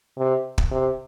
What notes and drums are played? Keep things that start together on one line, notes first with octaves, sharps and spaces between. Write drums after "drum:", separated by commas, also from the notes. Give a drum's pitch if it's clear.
C3
drum: kick
C3